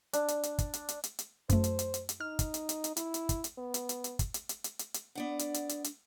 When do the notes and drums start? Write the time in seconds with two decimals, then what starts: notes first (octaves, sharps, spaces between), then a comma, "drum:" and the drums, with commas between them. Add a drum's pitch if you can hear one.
0.13 D4, drum: hi-hat
0.28 drum: hi-hat
0.43 drum: hi-hat
0.58 drum: kick, hi-hat
0.74 drum: hi-hat
0.89 drum: hi-hat
1.04 drum: hi-hat
1.19 drum: hi-hat
1.49 F#2 A3 C5, drum: kick, hi-hat
1.64 drum: hi-hat
1.79 drum: hi-hat
1.94 drum: hi-hat
2.09 drum: hi-hat
2.21 D#4 F6
2.39 drum: kick, hi-hat
2.54 drum: hi-hat
2.69 drum: hi-hat
2.84 drum: hi-hat
2.97 E4, drum: hi-hat
3.14 drum: hi-hat
3.29 drum: kick, hi-hat
3.44 drum: hi-hat
3.58 B3
3.74 drum: hi-hat
3.89 drum: hi-hat
4.04 drum: hi-hat
4.19 drum: kick, hi-hat
4.34 drum: hi-hat
4.49 drum: hi-hat
4.64 drum: hi-hat
4.79 drum: hi-hat
4.94 drum: hi-hat
5.15 B3 D4 D5 F#5
5.39 drum: hi-hat
5.54 drum: hi-hat
5.69 drum: hi-hat
5.84 drum: hi-hat